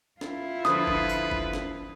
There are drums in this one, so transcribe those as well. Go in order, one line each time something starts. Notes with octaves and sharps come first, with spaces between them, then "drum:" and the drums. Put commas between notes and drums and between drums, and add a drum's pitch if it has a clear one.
E4 F4, drum: snare
D3 F3 B4 D#6, drum: snare
drum: kick
drum: tambourine
drum: kick
drum: snare